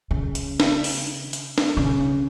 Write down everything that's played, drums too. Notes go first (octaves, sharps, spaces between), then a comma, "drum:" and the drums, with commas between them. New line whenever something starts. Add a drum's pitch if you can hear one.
C#3
drum: hi-hat
drum: snare
drum: open hi-hat
drum: hi-hat
drum: snare
C#3